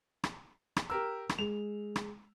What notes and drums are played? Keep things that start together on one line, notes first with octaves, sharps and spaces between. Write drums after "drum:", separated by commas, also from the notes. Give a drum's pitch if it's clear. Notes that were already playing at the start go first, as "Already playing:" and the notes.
drum: rim click
drum: rim click
G4 A#4 E6
drum: rim click
G#3 F7
drum: rim click